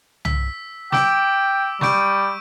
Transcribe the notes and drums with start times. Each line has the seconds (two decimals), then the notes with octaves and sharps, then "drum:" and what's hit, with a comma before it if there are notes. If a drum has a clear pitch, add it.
0.25 E6 B6, drum: tom
0.92 G5 D6 E6 D7, drum: snare
1.81 G3 C#6 G6 D7, drum: snare